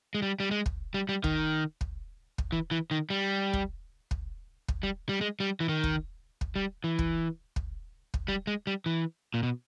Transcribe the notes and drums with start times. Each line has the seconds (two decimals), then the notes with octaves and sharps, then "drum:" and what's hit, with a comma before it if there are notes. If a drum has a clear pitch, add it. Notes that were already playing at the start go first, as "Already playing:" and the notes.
0.15 G#3
0.22 G3
0.40 G3
0.51 G#3
0.66 drum: kick
0.94 G3
1.09 G3
1.24 D#3, drum: kick
1.81 drum: kick
2.38 drum: kick
2.52 E3
2.71 E3
2.91 D#3
3.10 G3
3.53 drum: kick
4.11 drum: kick
4.68 drum: kick
4.83 G3
5.09 G3
5.21 G#3
5.40 G3
5.60 E3
5.69 D#3
5.83 drum: kick
6.41 drum: kick
6.56 G3
6.84 E3
6.99 drum: kick
7.56 drum: kick
8.14 drum: kick
8.28 G3
8.47 G#3
8.67 G3
8.86 E3
9.34 A#2
9.43 B2